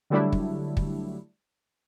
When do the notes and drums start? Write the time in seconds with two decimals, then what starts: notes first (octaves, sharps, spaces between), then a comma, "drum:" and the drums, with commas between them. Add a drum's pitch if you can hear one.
0.10 D3 F#3 G3 A3 D4 E4
0.32 drum: kick
0.77 drum: kick